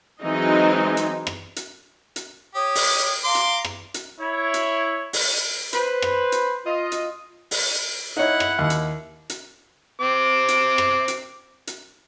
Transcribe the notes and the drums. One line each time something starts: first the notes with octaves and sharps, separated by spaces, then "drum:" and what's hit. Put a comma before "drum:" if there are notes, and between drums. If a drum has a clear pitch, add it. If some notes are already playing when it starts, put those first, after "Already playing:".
E3 F#3 G#3 C4 D#4 D#5
drum: hi-hat
drum: rim click
drum: hi-hat
drum: hi-hat
G4 C#5 D#6
drum: open hi-hat
F5 A#5 C6 D6
drum: hi-hat
drum: rim click
drum: hi-hat
E4 C#5
drum: hi-hat
drum: open hi-hat
B4 C5, drum: hi-hat
drum: rim click
drum: hi-hat
F4 D#5
drum: hi-hat
drum: open hi-hat
D#4 E4 C#5 F#5
drum: rim click
D#2
drum: hi-hat
drum: hi-hat
C4 D6
drum: hi-hat
drum: rim click
drum: hi-hat
drum: hi-hat